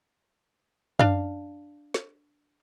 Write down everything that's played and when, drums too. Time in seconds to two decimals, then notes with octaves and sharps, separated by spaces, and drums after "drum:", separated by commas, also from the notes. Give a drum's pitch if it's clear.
0.99 D4 F5, drum: tom F#2
1.94 drum: snare